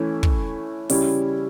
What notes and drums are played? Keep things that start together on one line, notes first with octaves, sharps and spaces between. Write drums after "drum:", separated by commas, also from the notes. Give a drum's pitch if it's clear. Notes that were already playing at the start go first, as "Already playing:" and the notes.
Already playing: E3 A3 C#4 E4
drum: kick
C#3 G3 C#4 E4, drum: open hi-hat